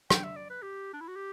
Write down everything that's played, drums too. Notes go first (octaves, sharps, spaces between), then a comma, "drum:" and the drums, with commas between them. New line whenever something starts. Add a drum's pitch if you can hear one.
G5, drum: rim click
E5
D5
B4
G4
D4
E4
F#4
G4